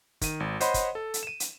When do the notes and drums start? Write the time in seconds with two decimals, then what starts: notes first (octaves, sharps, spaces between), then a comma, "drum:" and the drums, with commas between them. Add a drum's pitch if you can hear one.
0.21 D#3 D#7, drum: kick, hi-hat
0.40 G#1
0.60 C5 C#5 D#5 F#5 B5 C6, drum: hi-hat
0.74 drum: kick, hi-hat
0.95 A4
1.14 drum: hi-hat
1.23 D#7 E7
1.40 drum: hi-hat